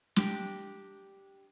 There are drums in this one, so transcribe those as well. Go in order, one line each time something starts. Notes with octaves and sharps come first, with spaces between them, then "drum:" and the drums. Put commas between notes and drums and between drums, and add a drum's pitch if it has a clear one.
D4 G4 G5 A#5, drum: snare